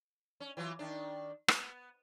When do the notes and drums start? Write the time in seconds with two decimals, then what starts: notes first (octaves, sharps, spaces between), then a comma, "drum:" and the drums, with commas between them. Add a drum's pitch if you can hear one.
0.40 C#4
0.57 E3 F#3 F4
0.79 D#3 D4
1.48 B3, drum: rim click